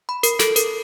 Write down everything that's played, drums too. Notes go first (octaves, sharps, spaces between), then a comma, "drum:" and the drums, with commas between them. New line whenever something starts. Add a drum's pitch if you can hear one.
B5
A#4, drum: hi-hat
A4, drum: snare
A#4, drum: hi-hat